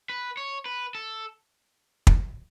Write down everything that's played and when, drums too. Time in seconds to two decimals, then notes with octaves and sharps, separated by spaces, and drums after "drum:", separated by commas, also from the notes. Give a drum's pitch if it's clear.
0.10 B4
0.37 C#5
0.66 B4
0.95 A4
2.07 drum: kick